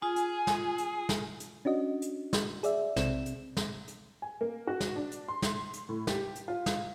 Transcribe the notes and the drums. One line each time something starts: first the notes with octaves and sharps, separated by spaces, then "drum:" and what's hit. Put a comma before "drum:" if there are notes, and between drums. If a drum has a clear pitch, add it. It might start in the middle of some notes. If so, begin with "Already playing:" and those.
F4 G#4 G#5
drum: hi-hat
drum: snare
drum: hi-hat
drum: snare
drum: hi-hat
C#4 D4 F#4 D#5
drum: hi-hat
drum: snare
G#4 D5 E5, drum: hi-hat
B1 C3 C4 E7, drum: snare
drum: hi-hat
drum: snare
drum: hi-hat
G#5
A#3
F#4
drum: snare
D4
drum: hi-hat
C6
drum: snare
drum: hi-hat
A2
G4, drum: snare
drum: hi-hat
F4
drum: snare